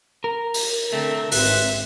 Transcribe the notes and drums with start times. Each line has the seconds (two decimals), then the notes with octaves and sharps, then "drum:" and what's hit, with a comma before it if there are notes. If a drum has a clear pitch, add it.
0.24 A#4
0.54 drum: open hi-hat
0.92 D3 A3 C4
1.32 G#1 C4 B4 E5, drum: open hi-hat